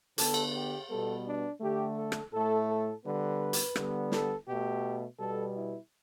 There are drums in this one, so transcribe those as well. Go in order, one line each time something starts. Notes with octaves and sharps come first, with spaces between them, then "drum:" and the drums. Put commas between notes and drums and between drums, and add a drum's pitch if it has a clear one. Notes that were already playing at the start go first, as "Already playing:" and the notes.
D3 B3 A4, drum: hi-hat
drum: cymbal
G4
B2 G3 B3 A4
D4
D3 A3 G4
A4
drum: rim click
A2 A3 A4
A4
D3 G3 B3 B4
drum: hi-hat
D3 G3 B3, drum: rim click
A4, drum: snare
B2 A3 G4
B2 G3 B3 A4
E4